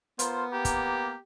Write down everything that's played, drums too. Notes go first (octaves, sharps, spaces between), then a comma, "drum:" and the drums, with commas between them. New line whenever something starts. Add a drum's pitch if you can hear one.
B3 F4 A#4 C5, drum: hi-hat
A#3 G4 A#5
drum: kick, hi-hat